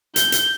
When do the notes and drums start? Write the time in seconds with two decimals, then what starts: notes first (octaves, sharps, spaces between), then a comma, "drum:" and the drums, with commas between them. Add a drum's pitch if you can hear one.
0.16 G6, drum: hi-hat
0.32 drum: hi-hat